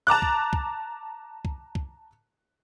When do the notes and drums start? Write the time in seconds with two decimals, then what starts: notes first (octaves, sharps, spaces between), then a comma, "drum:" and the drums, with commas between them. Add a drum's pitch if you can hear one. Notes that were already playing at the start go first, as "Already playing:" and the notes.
0.07 A5 A#5 D6 F#6
0.22 drum: kick C2
0.53 drum: kick C2
1.45 drum: kick C2
1.75 drum: kick C2